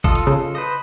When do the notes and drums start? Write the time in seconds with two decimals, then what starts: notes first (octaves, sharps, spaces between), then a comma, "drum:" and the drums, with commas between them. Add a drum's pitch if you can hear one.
0.04 F4 A4 D#5, drum: kick G#1
0.15 drum: hi-hat
0.27 C#3
0.55 B4 C5 D#5